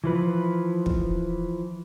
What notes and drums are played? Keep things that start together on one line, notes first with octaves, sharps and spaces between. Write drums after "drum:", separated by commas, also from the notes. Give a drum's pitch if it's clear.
E3 F3 B4
drum: kick